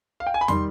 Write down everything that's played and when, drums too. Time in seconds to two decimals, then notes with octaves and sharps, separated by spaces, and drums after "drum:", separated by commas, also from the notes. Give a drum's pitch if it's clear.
0.20 F5
0.27 G5
0.34 G#5
0.41 B5
0.48 D#3 G3 C6, drum: tom